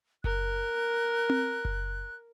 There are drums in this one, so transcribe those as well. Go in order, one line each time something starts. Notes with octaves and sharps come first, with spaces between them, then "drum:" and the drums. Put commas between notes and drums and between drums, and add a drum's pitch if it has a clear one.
A#4 F#6, drum: kick F#1
drum: tom C4
drum: kick F#1